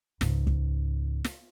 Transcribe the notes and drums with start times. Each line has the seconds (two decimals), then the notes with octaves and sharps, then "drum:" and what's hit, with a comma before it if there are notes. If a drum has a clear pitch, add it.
0.21 C#2 G#2, drum: snare
0.47 drum: kick
1.24 drum: snare